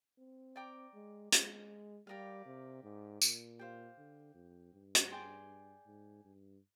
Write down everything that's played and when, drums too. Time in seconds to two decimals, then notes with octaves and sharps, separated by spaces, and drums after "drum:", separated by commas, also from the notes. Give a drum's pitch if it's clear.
0.18 C4
0.56 D5 G5 A#5 D6
0.94 G#3
1.32 G#3, drum: hi-hat
2.07 G3 G4 A#4 D5 F5
2.46 C3
2.84 G#2
3.22 A#2, drum: tambourine
3.59 G4 C5 F5
3.98 D3
4.35 F2
4.73 G2
4.95 drum: hi-hat
5.11 G#4 D5 G5 C6
5.87 G#2
6.25 G2